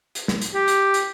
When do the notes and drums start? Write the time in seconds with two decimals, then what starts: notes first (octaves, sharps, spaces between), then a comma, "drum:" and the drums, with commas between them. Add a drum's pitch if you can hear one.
0.15 drum: hi-hat
0.28 drum: snare
0.41 drum: hi-hat
0.55 G4
0.68 drum: hi-hat
0.94 drum: hi-hat